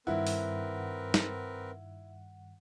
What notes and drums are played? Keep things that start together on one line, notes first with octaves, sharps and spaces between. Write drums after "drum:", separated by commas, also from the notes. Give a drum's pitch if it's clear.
G2 D#3 C4 E4 A#4 B4 F#5
drum: open hi-hat
drum: snare